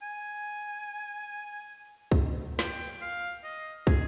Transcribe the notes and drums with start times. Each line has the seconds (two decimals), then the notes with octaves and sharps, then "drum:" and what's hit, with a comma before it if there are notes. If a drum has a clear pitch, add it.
0.02 G#5
2.12 drum: kick
2.59 G5, drum: snare
3.01 F5
3.44 D#5
3.87 G#4, drum: kick